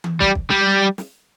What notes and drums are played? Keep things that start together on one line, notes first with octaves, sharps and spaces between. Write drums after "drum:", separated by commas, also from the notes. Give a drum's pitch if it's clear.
drum: tom E3
G3, drum: kick
drum: kick
G3
drum: snare